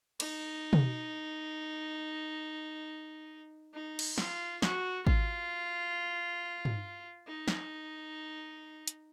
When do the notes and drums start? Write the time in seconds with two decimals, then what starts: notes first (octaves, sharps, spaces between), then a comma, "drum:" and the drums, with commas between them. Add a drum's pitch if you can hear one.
0.20 D#4, drum: cymbal
0.73 drum: tom
3.74 D#4
3.99 drum: cymbal
4.18 F4, drum: snare
4.62 F#4, drum: snare
5.07 F4, drum: kick G#1
6.65 drum: tom
7.27 D#4
7.48 drum: snare
8.87 drum: hi-hat